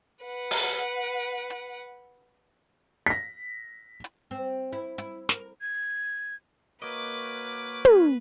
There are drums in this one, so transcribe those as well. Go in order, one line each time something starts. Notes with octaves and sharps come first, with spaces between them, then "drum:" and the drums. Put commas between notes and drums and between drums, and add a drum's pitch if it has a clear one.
B4 F#5
drum: open hi-hat
drum: hi-hat
A#6 B6
drum: hi-hat
C4
E4
E4, drum: hi-hat
A#4, drum: snare
G#6
A#3 F#4 A#4 B4 C#5 D#5 D6
drum: tom